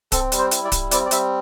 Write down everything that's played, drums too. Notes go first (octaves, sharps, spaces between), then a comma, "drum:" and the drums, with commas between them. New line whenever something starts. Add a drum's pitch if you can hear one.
C4 A4, drum: kick D1, hi-hat
G3, drum: hi-hat
C5
E4, drum: hi-hat
D5
G3, drum: kick D1, hi-hat
C4 D5, drum: hi-hat
D5
G3 E5, drum: hi-hat